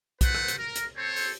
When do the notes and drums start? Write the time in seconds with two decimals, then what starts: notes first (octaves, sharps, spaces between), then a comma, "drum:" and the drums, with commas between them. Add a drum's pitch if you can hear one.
0.21 A3 B4 C5 F#5, drum: kick B1, hi-hat
0.35 drum: rim click
0.48 drum: hi-hat
0.58 A#4
0.75 drum: hi-hat
0.97 C4 A4 C5 C#5
1.16 drum: open hi-hat